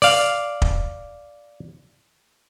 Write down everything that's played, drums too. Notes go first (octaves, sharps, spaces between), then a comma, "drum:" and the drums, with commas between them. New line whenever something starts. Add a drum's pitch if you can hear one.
D5 F5, drum: open hi-hat
drum: kick